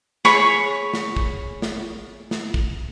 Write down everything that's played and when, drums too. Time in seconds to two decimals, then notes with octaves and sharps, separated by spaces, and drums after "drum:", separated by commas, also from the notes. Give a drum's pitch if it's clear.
0.25 G#4 C#5 B5 C#6, drum: snare
0.94 drum: snare
1.16 drum: kick
1.62 drum: snare
2.31 drum: snare
2.54 drum: kick